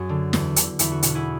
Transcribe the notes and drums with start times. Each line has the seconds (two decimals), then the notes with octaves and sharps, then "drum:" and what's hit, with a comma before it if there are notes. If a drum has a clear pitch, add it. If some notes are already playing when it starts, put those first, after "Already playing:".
Already playing: F#2 F#4 G#4
0.09 D3
0.33 E2, drum: snare
0.56 D3, drum: hi-hat
0.79 E2 E4, drum: hi-hat
0.92 F#4
1.03 B2 F#4, drum: hi-hat
1.15 E4 G#4